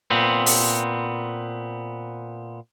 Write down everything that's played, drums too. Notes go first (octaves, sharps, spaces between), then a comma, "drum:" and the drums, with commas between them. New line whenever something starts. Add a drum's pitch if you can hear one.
A#2 B3 C4
drum: open hi-hat